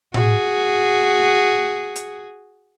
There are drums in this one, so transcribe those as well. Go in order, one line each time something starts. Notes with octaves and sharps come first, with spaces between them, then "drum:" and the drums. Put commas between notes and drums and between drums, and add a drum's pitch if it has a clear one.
F#4 G#4, drum: tom A2
drum: hi-hat